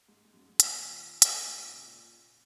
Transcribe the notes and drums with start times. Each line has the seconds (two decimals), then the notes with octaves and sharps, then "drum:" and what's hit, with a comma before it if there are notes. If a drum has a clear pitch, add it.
0.08 G#2
0.25 G#2
0.33 F#2
0.40 G#2
0.50 F#2
0.60 A#2 D#3, drum: hi-hat
0.70 A#2 D#3
1.22 drum: hi-hat
1.32 F#2 A#2
1.47 G#2
1.63 A#2
1.73 C#3
1.83 A#2